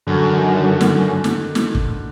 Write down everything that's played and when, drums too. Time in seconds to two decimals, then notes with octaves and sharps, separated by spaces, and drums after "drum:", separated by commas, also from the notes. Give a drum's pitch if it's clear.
0.07 F#2 D3
0.32 D#3
0.57 D3
0.81 D3, drum: snare
1.24 drum: snare
1.55 drum: snare
1.75 drum: kick